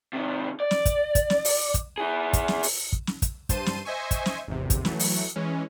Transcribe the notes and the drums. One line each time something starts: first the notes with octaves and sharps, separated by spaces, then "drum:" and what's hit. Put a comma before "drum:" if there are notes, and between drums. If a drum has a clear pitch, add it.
C3 D#3
D5
drum: snare
drum: kick, hi-hat
drum: kick, hi-hat
drum: snare
drum: open hi-hat
drum: kick, hi-hat
E4 G#4
drum: kick, hi-hat
drum: snare
drum: open hi-hat
drum: kick
drum: snare
drum: kick, hi-hat
G2 C5 A5 C6 D#7, drum: kick, hi-hat
drum: snare
C5 D#5 E5 G#5 C#6
drum: kick, hi-hat
drum: snare
G#1 E2 C3
drum: kick, hi-hat
E3 F#3 A3, drum: snare
drum: open hi-hat
E3 G#3 C#4